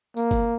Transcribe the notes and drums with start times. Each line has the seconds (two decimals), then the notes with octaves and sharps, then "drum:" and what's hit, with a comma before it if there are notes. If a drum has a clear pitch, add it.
0.17 A#3, drum: tambourine
0.31 drum: kick G1, tambourine